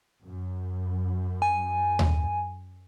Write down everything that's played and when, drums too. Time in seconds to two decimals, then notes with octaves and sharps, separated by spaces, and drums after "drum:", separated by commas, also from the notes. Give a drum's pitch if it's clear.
0.23 F#2
1.42 G#5
1.99 drum: tom D#2